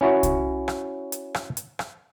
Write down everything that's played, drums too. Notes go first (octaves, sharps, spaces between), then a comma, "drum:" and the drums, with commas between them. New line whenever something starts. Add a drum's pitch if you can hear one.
C#4 E4 F#4 C#5
drum: kick C2, hi-hat
drum: rim click
drum: hi-hat
drum: rim click
drum: hi-hat
drum: rim click